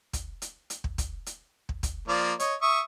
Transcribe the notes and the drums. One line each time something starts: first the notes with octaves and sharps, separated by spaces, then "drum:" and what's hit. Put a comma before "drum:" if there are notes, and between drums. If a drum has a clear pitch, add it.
drum: kick, hi-hat
drum: hi-hat
drum: hi-hat
drum: kick
drum: kick, hi-hat
drum: hi-hat
drum: kick
drum: kick, hi-hat
F3 A#3 D5
C#5 D#5, drum: hi-hat
E5 C#6 D#6